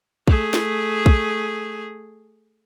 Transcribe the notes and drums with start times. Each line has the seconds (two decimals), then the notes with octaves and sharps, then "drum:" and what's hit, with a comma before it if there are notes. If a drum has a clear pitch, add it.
0.28 A3 G#4, drum: kick
0.54 drum: snare
1.06 drum: kick